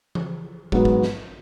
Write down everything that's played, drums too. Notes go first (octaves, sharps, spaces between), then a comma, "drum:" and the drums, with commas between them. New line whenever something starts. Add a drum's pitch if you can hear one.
drum: tom E3
G#2 F#3 B3, drum: kick
drum: kick
drum: snare